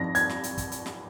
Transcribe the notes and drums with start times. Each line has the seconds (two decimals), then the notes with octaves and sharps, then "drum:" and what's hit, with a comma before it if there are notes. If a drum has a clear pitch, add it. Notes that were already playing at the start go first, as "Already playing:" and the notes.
Already playing: F3 C4 D#4 A#6
0.15 G#6, drum: hi-hat
0.29 drum: snare
0.44 drum: hi-hat
0.58 drum: kick, hi-hat
0.72 drum: hi-hat
0.86 drum: snare